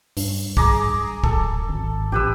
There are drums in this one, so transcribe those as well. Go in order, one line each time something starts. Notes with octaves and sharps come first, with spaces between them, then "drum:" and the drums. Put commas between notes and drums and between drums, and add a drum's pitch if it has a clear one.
G2, drum: open hi-hat
G#4 A#5 D6, drum: kick
D1 A4, drum: kick
G#1
A1 G4 B4 E6